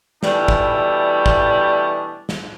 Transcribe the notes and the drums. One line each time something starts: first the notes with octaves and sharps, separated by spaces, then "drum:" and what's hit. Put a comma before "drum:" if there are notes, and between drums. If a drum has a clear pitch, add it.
B2 E3 G3 A3 D4, drum: snare
drum: kick
drum: kick
drum: snare